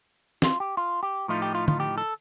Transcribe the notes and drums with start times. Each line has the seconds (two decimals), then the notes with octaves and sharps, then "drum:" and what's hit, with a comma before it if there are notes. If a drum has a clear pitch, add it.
0.42 F4, drum: snare
0.60 G4
0.77 F4
1.03 G4
1.28 A2 F3 A3 D#4 F4
1.42 G4
1.55 F4
1.68 F4, drum: tom D3
1.80 G4
1.98 A4